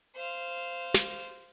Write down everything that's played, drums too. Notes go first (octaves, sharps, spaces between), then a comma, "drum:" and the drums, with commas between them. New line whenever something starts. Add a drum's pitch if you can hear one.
C5 F5
drum: snare